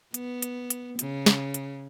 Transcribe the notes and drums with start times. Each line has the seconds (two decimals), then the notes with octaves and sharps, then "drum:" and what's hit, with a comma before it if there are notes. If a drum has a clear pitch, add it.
0.14 B3, drum: hi-hat
0.42 drum: hi-hat
0.70 drum: hi-hat
0.99 C#3, drum: hi-hat
1.26 drum: snare
1.54 drum: hi-hat